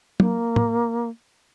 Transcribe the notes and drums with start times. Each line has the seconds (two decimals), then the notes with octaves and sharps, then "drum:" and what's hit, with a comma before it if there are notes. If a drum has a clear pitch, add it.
0.20 A#3, drum: tom F#3
0.56 drum: tom